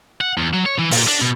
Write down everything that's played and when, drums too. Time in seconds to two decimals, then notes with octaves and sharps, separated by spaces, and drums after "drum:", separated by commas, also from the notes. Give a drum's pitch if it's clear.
0.21 F#5
0.38 E2
0.54 F#3
0.66 C#5
0.79 E3
0.91 A#2, drum: open hi-hat
1.07 D4
1.21 B2